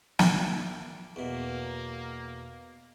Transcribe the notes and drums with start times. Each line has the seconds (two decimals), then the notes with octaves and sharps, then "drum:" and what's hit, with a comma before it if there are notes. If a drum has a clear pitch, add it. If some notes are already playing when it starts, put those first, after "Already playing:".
0.19 D5 F5 G5, drum: snare
1.16 E2 B2 A#3